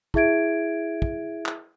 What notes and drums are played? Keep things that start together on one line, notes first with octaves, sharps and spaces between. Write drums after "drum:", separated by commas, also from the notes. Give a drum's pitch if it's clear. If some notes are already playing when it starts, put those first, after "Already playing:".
E4 G#4 E5 G#6 D7, drum: kick
drum: kick
drum: clap